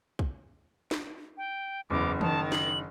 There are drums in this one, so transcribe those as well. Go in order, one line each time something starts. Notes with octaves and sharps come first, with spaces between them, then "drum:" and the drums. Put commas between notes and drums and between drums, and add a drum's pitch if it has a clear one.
drum: kick B1
drum: snare
G5
F#1 E2 D6
D#3 A5, drum: tom D#3
F#7, drum: snare